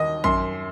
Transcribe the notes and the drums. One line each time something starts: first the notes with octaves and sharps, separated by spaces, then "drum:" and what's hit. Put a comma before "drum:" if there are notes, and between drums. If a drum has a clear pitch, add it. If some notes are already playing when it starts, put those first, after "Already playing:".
Already playing: D#2 D#3 D#5
F#2 C6, drum: kick A1